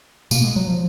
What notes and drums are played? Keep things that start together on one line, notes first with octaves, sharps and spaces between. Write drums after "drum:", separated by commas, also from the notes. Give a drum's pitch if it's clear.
B2 A#3, drum: tambourine
G#3
F#3
F3